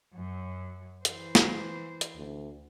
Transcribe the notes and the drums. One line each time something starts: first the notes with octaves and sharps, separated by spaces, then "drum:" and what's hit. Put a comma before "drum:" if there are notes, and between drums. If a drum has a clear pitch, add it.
F#2 F#3
E3 C5, drum: hi-hat
drum: snare
drum: hi-hat
D2